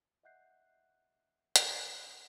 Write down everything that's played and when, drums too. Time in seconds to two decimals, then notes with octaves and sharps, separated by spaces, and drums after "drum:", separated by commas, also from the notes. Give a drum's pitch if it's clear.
0.23 D#5 E5 F#5 F#6 G6 C7
1.56 drum: hi-hat